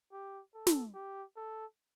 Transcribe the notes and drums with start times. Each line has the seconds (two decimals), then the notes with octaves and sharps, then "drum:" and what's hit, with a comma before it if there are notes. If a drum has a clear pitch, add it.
0.12 G4
0.54 A4
0.67 drum: snare
0.94 G4
1.37 A4